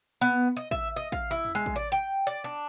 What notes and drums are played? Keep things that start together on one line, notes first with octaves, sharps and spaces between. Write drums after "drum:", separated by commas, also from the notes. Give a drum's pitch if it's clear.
B3
D#5
E5, drum: kick
D#5
F5, drum: kick
E4
drum: tom
G#3
drum: kick
D5
G5
D5
D4